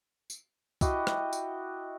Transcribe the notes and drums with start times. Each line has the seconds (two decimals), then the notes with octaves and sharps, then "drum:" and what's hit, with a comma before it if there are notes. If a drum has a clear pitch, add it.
0.30 drum: tambourine
0.81 E4 F#4 G4 D#5, drum: kick, tambourine
1.07 drum: rim click
1.33 drum: tambourine